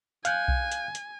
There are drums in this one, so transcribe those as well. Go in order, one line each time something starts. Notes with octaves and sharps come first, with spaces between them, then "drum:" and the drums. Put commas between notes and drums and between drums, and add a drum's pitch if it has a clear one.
F5 G#5 F#6 G6, drum: hi-hat
drum: kick B1
drum: hi-hat
drum: hi-hat